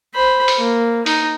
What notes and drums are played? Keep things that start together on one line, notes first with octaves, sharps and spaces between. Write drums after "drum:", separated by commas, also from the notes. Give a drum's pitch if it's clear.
C5 B5
drum: open hi-hat
A#3
D#4, drum: open hi-hat